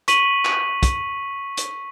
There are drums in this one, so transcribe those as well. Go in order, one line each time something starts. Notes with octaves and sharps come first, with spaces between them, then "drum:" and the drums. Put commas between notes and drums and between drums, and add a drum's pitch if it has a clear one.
C#6 B6 D#7 F#7, drum: hi-hat
drum: clap
drum: kick, hi-hat
drum: hi-hat